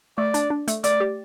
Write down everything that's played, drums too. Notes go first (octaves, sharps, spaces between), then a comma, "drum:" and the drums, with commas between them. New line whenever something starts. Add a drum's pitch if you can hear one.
A3 D5
D4, drum: hi-hat
D4
A3, drum: hi-hat
A3 D5, drum: hi-hat
G4